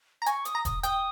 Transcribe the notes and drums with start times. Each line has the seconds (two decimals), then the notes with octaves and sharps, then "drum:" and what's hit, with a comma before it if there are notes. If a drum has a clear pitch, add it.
0.22 A#5
0.26 G#5 C#6, drum: hi-hat
0.45 D#6, drum: hi-hat
0.55 A#5
0.65 D#6, drum: kick, hi-hat
0.83 G5 D#6, drum: hi-hat